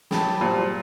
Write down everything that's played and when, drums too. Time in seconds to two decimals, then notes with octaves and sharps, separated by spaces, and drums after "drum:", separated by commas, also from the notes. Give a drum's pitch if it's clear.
0.11 F#3 G4 G#4 A5 B5, drum: snare
0.41 A#2 G3 F4 C5